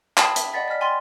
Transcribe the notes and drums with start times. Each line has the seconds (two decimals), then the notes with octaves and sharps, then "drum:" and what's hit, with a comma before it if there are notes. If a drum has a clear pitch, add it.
0.17 G5 A5 B5 D#6 G#6 C7, drum: clap
0.36 E5, drum: hi-hat
0.53 D5 D#5 F#5 B5 A6 B6
0.68 D5 D#5 G#5 F6 B6
0.81 G5 G#5 C6 F6 A6 G7